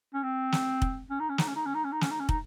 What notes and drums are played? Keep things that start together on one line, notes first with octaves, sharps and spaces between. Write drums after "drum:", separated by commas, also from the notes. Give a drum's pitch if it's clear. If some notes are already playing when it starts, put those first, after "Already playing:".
C#4
C4
drum: snare
drum: kick
C#4
D#4
C#4
D#4, drum: snare
C#4
D#4
C#4
D#4
C#4
D#4
C#4, drum: snare
D#4
C#4
D#4, drum: kick